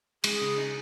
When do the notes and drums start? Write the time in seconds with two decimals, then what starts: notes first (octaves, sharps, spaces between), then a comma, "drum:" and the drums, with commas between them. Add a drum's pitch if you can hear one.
0.24 G#3 G#4, drum: cymbal
0.42 C#3
0.58 D#4